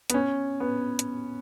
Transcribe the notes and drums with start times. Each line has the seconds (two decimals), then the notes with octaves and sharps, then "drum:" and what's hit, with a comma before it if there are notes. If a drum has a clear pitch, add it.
0.10 B3, drum: hi-hat
0.14 C#4
0.60 B3
0.99 drum: hi-hat